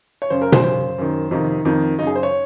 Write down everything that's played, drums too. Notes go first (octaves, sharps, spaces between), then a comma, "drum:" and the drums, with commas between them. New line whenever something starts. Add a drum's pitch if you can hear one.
C#5
F#2 C#3 C5
A#4
C5, drum: tom B2
F#2 C#3 C5
F#2 D#3
F2 C3 D#3 D#4
F2 D#3
F#2 C#3 D#4
G#4
C5
C#5